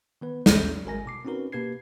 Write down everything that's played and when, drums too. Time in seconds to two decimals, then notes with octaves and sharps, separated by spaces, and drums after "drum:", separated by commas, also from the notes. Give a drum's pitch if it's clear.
0.21 D#3 B3 B4
0.46 A1 D#2 C#4 D5 G6, drum: snare
0.85 G#1 G#3 A#4 G#5 A#6
1.06 B2 D6 C7
1.25 C4 C#4 D#4 F#4 A#4 B4
1.52 B2 A#3 G4 B4 G#6 C7